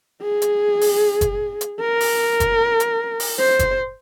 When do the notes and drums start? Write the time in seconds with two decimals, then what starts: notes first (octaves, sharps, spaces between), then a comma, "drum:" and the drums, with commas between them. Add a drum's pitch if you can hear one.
0.22 G#4
0.42 drum: hi-hat
0.81 drum: open hi-hat
1.21 drum: kick F#1, hi-hat
1.61 drum: hi-hat
1.81 A#4
2.00 drum: open hi-hat
2.40 drum: kick F#1, hi-hat
2.80 drum: hi-hat
3.20 drum: open hi-hat
3.39 C5
3.59 drum: kick F#1, hi-hat